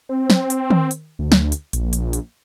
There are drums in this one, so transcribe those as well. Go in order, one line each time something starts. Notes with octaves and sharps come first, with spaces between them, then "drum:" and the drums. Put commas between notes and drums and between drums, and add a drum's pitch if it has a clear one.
C4
drum: snare
drum: hi-hat
drum: tom D#3
drum: hi-hat
D2
drum: snare
drum: hi-hat
A#1, drum: hi-hat
drum: hi-hat
drum: hi-hat